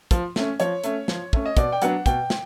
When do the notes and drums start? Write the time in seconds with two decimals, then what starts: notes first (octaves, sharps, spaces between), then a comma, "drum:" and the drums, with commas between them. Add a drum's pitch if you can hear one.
0.11 F3, drum: kick, hi-hat
0.36 A3 C#4, drum: snare
0.60 F3 C#5, drum: hi-hat
0.84 A3 C#4, drum: hi-hat
1.08 F3, drum: snare
1.33 A3 C#4, drum: kick
1.45 D#5
1.57 B2 D5, drum: kick, hi-hat
1.72 G5
1.82 F#3 B3 D4 F#5, drum: hi-hat
2.06 B2 G5, drum: kick, hi-hat
2.30 drum: snare